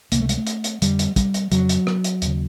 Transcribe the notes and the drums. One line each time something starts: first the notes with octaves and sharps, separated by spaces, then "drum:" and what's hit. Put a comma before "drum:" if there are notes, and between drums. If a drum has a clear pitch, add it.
C#2 C3 A#3, drum: hi-hat
A3
G#3, drum: hi-hat
A3
drum: hi-hat
drum: hi-hat
F2 D3 G3, drum: hi-hat
drum: hi-hat
G3, drum: kick, hi-hat
drum: hi-hat
F2 C#3 F#3, drum: hi-hat
drum: hi-hat
drum: rim click
drum: hi-hat
D#2 C#3, drum: hi-hat